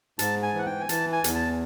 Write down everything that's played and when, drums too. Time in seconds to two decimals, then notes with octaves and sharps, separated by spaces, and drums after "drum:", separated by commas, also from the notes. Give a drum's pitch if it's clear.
0.19 G#2 A5, drum: hi-hat
0.43 G#5
0.54 E3 F#5
0.66 G5
0.80 G#5
0.89 E3 A5, drum: hi-hat
1.12 G#5
1.24 E2, drum: hi-hat
1.35 A5